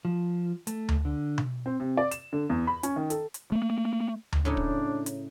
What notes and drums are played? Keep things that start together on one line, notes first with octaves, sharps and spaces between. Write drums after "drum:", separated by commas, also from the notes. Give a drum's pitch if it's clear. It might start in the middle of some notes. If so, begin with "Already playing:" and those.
F3
A3, drum: hi-hat
drum: tom D2
D3
drum: tom B2
C4
C3
D5
E7, drum: hi-hat
D3
E2
B5
C#4, drum: hi-hat
D#3
A4, drum: hi-hat
drum: hi-hat
A3 A#3
drum: tom D2
A2 C#3 D4 D#4
drum: kick
drum: hi-hat